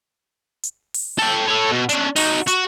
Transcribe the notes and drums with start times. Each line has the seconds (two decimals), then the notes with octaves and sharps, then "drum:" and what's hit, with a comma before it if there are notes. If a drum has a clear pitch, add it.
0.63 drum: hi-hat
0.94 drum: open hi-hat
1.18 A4 G5
1.47 A4 C#5
1.71 B2
1.89 C#4 D4, drum: hi-hat
2.16 D#4 F#4, drum: open hi-hat
2.47 F#4, drum: hi-hat